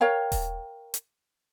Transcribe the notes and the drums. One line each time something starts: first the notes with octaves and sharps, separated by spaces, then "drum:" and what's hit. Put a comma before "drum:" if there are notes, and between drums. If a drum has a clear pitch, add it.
A#4 C#5 F5 G5
drum: kick D#1, open hi-hat
drum: hi-hat